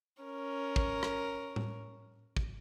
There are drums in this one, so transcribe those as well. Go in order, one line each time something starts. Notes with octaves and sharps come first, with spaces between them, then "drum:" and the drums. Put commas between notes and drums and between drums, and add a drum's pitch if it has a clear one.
C#4 A#4
drum: kick
drum: rim click
drum: tom A2
drum: kick